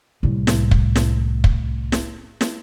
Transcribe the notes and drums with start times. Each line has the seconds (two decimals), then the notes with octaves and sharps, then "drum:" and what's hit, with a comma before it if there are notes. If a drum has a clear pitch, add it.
0.23 C2 A2
0.47 drum: snare
0.71 drum: kick
0.96 drum: snare
1.44 drum: kick
1.92 drum: snare
2.41 drum: snare